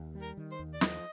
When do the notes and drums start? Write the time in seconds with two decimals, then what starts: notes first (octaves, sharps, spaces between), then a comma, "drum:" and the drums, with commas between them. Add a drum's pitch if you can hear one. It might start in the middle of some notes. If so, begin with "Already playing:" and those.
Already playing: D#2
0.15 G3
0.22 A#4
0.37 D#3
0.52 C5
0.59 D#2
0.74 D5
0.81 F3 D#5, drum: snare